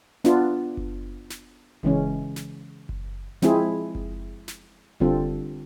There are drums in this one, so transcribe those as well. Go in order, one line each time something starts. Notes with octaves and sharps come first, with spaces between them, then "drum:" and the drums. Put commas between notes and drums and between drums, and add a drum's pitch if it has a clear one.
B3 D4 F4, drum: snare
drum: kick F#1
drum: snare
C#3 E3 G#3 C#4, drum: kick F#1
drum: snare
drum: kick F#1
F3 G#3 C4 E4 G#4, drum: snare
drum: kick F#1
drum: snare
D3 G3 C4 F4 A4, drum: kick F#1